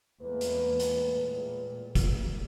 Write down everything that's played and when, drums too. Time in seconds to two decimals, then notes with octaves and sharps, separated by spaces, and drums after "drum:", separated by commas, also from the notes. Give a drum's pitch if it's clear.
0.22 E2 A2 G#3 A#3 B4
0.41 drum: hi-hat
0.80 drum: hi-hat
1.12 A#2
1.95 drum: kick, hi-hat